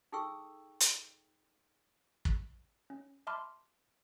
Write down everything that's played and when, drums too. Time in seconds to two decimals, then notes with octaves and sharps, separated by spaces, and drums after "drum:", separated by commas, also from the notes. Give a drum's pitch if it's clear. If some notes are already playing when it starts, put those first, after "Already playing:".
0.12 D#4 G#4 A4 G5 C#6 E6
0.80 drum: hi-hat
2.25 drum: kick
2.90 C#4
3.27 E5 A5 B5 C6 D6 F6